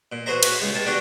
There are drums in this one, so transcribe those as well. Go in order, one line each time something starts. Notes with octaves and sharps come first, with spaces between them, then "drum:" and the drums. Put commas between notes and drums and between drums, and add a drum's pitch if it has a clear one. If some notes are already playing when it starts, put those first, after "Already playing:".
A#2
B3 F#4 G#4 C5 E5 A#5
E4 F#4 C#5 G#5, drum: cymbal
C#2 G#4
C3 G#5 A5
B3 D4 F#4 G4